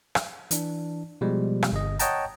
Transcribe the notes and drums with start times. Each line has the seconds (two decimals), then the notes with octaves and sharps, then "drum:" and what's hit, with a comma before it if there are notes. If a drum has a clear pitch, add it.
0.15 drum: rim click
0.51 E3 D4, drum: hi-hat
1.21 B2 F3 G3 G#3
1.63 drum: rim click
1.72 G1 D#5
1.99 C#5 D#5 F#5 G5 A5 A#5, drum: hi-hat